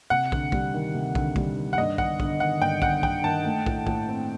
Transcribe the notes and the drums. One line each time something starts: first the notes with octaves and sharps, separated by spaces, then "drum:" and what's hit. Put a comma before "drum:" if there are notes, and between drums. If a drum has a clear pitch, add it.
C3 F#5
D2, drum: kick
G3, drum: kick
D#3
C3
D2, drum: kick
G3, drum: kick
D#3
F#5
G2 D#5
G1 F#5, drum: kick
G1, drum: kick
D#3 F#5
G2 G5
G1 F#5, drum: kick
G1 G5, drum: kick
D#3 A5
A3
A2, drum: kick
A2, drum: kick
C4